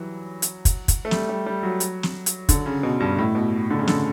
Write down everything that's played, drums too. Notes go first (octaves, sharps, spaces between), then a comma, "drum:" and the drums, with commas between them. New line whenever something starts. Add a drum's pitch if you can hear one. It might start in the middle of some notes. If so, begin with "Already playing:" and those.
Already playing: E3 F#3 G3
drum: hi-hat
drum: kick, hi-hat
drum: kick, hi-hat
A3
G3, drum: snare
G3
G3
F#3
drum: hi-hat
drum: snare
drum: hi-hat
D3, drum: kick, hi-hat
C#3
B2
G2
A2
B2
D3
C#3
D3, drum: snare